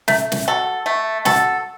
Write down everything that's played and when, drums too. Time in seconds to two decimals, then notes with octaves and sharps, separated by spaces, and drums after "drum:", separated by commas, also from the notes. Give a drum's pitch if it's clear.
0.08 A3, drum: snare
0.32 drum: snare
0.48 F#4 A4
0.86 A3
1.25 F#4 A4, drum: snare